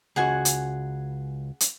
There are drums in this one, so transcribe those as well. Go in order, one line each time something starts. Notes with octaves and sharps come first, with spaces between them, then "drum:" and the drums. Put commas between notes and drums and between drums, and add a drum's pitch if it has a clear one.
C#2 F#4 G#4 F#5 G#5
drum: hi-hat
drum: hi-hat